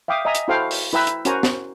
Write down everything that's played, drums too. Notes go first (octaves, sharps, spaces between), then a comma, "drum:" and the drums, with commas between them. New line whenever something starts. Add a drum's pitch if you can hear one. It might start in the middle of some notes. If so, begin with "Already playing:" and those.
E5 F5 G5 D6 D#6
D#5 E5 G#5 A#5 D#6
drum: hi-hat
E4 F#4 A4 C5 F5 G5
drum: open hi-hat
E4 B4 E5 G5 A#5 E6
drum: hi-hat
C#4 F#4 A#4 C5 G#5 A#5, drum: hi-hat
drum: snare